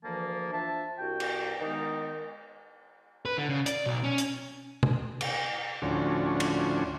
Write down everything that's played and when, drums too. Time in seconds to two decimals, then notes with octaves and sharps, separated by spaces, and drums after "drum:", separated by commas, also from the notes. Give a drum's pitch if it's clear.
0.03 D2 E3 F3 A#3 A5
0.52 F3 D4 E5 A5
0.98 C2 F#4 G5
1.20 drum: cymbal
1.60 D#3 G#3 B3 D#4
3.25 B4
3.37 D3
3.49 C#3
3.66 D5, drum: hi-hat
3.86 B1
4.04 C#4
4.18 drum: hi-hat
4.83 drum: tom C3
5.21 drum: cymbal
5.82 D2 A2 F3 C#4 D4 F#4
6.40 drum: cymbal